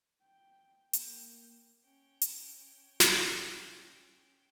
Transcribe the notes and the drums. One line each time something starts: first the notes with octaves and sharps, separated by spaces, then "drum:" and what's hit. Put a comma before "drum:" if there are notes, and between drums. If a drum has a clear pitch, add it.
G5
A#3 G5, drum: hi-hat
C#4 G5
drum: hi-hat
drum: snare